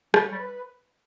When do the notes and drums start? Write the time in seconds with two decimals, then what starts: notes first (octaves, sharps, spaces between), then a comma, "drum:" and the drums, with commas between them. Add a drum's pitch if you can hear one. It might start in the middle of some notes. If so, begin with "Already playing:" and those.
0.14 G3 C#5, drum: rim click
0.32 G3
0.39 B4